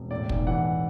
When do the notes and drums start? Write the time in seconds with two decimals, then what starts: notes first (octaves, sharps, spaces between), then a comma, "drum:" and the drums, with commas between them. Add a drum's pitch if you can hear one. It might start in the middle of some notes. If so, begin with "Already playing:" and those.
Already playing: E1
0.11 A2 D5
0.29 B1, drum: kick
0.47 E3 F#5